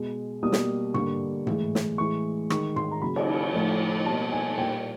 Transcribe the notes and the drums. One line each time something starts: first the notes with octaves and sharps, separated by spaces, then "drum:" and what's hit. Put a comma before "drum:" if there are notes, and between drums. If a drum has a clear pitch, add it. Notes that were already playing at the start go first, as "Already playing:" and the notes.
Already playing: B2 G#3
B2 G3 A#3 D#6
drum: snare
D3 G3 A#3 C#6, drum: tom G#2
A2 E3 G#3, drum: tom G#2
drum: snare
A2 E3 G#3 C#6
D#3 G#3 C#6, drum: rim click
C6, drum: tom G#2
A#5
C#3 F#3 A#3 B5
drum: cymbal
A2 F3 A3
B2 G3 A#3 A5
G#5
A#2 G3 A#3 G5